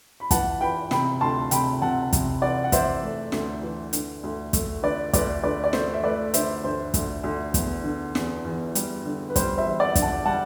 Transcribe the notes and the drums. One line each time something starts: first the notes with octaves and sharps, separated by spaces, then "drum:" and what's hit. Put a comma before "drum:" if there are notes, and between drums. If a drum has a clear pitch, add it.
B5
E3 F#5 A5, drum: kick, hi-hat
E3 G5 B5
C3 G5 B5, drum: snare
D2 A5 C6
C3 G5 B5, drum: hi-hat
C3 F#5 A5
C3, drum: kick, hi-hat
E3 D5 F#5
F#5
E3 C5 E5, drum: kick, hi-hat
A3
D2, drum: snare
E3
D3, drum: hi-hat
D2
A3, drum: kick, hi-hat
D3 B4 D5
D2 B4 D5, drum: kick, hi-hat
D2 B4 D5
D5
A3 C5, drum: snare
E5
A3 B4 D5
D3 C5 E5, drum: hi-hat
D2 C5
D2, drum: kick, hi-hat
D2
E2, drum: kick, hi-hat
D3
E2, drum: snare
E2
G3, drum: hi-hat
D3
B4
G3 C5, drum: kick, hi-hat
C5 E5
E2
D5 F#5
D3, drum: kick, hi-hat
F#5 A5
G3 F#5 A5